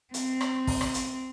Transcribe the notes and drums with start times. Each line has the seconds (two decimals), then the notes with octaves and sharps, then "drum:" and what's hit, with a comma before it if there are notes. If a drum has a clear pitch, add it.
0.14 C4, drum: hi-hat
0.41 drum: rim click
0.67 drum: kick, open hi-hat
0.81 drum: rim click
0.94 drum: hi-hat